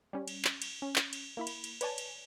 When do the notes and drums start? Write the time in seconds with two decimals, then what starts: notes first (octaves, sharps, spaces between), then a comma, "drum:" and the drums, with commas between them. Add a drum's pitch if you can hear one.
0.13 G3 C#4
0.28 drum: cymbal
0.45 drum: clap
0.62 drum: cymbal
0.82 C#4
0.96 drum: clap
1.13 drum: cymbal
1.37 A#3 E4 B5
1.47 drum: cymbal
1.64 drum: cymbal
1.81 B4 C#5 D5 G#5 A5, drum: cymbal
1.98 drum: cymbal